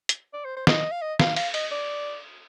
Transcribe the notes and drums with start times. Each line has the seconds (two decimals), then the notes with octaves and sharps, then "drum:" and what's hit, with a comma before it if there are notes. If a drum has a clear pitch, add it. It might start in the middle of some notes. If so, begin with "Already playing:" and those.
0.09 drum: hi-hat
0.33 D5
0.45 C5
0.57 C5
0.67 D#5, drum: snare
0.91 F5
1.02 D#5
1.20 F5, drum: snare
1.36 F5, drum: cymbal
1.54 D#5, drum: cymbal
1.71 D5